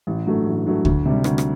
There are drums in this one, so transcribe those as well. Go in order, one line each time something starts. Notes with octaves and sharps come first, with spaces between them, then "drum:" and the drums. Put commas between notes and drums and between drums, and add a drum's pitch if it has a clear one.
A1
G2 F#3 A3
A1
G2 F#3 A3
D2, drum: kick
C3 G3
D2, drum: rim click
drum: rim click